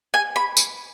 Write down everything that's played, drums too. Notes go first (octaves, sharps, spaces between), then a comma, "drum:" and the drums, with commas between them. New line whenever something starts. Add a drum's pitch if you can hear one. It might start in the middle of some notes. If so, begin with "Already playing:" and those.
G#5
B5
drum: tambourine